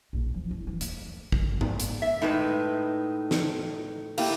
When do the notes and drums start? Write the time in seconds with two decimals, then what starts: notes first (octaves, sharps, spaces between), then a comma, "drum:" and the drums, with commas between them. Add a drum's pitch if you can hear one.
0.13 A#1 D#2
0.34 F3
0.49 C#4 E4
0.67 E3
0.81 D#2, drum: hi-hat
1.32 drum: kick G#1
1.61 drum: tom G#2
1.80 drum: hi-hat
2.02 E5
2.22 A2 G#3 D#4 B4 D#5
3.31 drum: snare
4.18 A#3 E4 G4, drum: cymbal